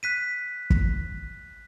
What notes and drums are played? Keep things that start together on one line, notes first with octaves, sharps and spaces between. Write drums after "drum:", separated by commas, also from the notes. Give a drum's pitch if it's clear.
F#6 B6 D#7
drum: kick